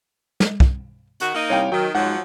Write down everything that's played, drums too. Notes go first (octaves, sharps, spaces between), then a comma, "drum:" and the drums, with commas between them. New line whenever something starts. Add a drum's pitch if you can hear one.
drum: snare
drum: kick
D#3 F#4, drum: hi-hat
A#3 D#4
C2 C#5 F5 G5
D#3 F#3 G5
G#2 F3 F#3 F#5